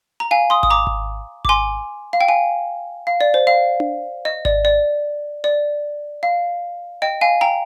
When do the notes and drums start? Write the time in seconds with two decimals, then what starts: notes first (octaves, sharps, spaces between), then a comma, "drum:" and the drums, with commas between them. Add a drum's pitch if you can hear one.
0.20 A#5
0.31 F5 G#5
0.50 C6 D#6
0.63 D#6, drum: kick G#1
0.70 A#5 D6
0.87 drum: kick G#1
1.45 D6, drum: kick G#1
1.49 G#5 C6
2.13 F5
2.21 G5
2.28 F5 G#5
3.07 F5
3.21 D5
3.34 C5
3.47 F5
3.80 drum: tom D4
4.25 D#5
4.45 D5, drum: kick G#1
4.65 D5
5.44 D5
6.23 F5
7.02 D#5 G5
7.21 F5 G#5
7.41 G5 A#5